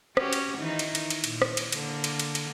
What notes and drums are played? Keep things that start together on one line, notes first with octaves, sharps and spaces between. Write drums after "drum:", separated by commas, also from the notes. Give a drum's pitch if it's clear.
C#4 F#4 G4, drum: rim click
drum: cymbal
D#3 E3 D#4
drum: cymbal
drum: cymbal
drum: cymbal
A#2, drum: cymbal
drum: rim click
drum: cymbal
D3 A#3, drum: cymbal
drum: cymbal
drum: cymbal
drum: cymbal